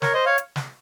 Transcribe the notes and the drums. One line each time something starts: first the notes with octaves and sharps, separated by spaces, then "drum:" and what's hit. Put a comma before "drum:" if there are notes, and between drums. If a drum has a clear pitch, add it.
A#4 C#5, drum: snare
C5 D#5
C#5 F5
drum: hi-hat
drum: snare